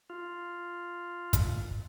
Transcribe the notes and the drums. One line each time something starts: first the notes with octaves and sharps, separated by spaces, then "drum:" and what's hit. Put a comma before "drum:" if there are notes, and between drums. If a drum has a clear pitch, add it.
F4
drum: kick, hi-hat